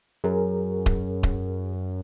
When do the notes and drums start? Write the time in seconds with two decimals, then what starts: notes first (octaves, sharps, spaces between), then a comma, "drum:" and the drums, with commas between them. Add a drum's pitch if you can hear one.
0.24 F#2 G#4 A#4
0.86 drum: kick D#1
1.23 drum: kick D#1